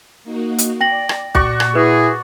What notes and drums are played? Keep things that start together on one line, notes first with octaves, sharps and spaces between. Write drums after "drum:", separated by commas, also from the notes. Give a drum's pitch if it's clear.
A#3 D#4 F#4
drum: hi-hat
D5 G5 A#6 F#7
drum: rim click
A#2 F#4 D5 C#6, drum: kick
drum: rim click
E4 G#4 B4